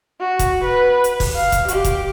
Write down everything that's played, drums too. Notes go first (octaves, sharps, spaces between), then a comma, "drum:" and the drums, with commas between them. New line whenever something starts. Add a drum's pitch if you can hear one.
F#4
drum: kick, hi-hat
B4
drum: hi-hat
drum: kick, open hi-hat
F5
drum: kick, hi-hat
G4, drum: hi-hat
drum: kick, hi-hat